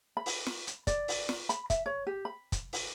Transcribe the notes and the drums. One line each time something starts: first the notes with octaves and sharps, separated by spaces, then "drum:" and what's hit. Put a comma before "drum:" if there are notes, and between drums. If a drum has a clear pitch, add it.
B5
drum: open hi-hat
drum: snare
drum: hi-hat
D5, drum: kick, hi-hat
drum: open hi-hat
drum: snare
B5, drum: hi-hat
E5, drum: kick, hi-hat
C#5
G4
B5
drum: kick, hi-hat
drum: open hi-hat